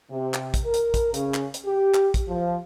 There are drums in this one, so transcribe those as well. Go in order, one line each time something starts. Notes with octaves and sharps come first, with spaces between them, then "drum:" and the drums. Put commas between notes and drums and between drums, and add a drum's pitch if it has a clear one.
C3
drum: clap
drum: kick, hi-hat
A#4
drum: hi-hat
drum: kick, hi-hat
C#3, drum: hi-hat
drum: clap
drum: hi-hat
G4
drum: clap
drum: kick, hi-hat
F3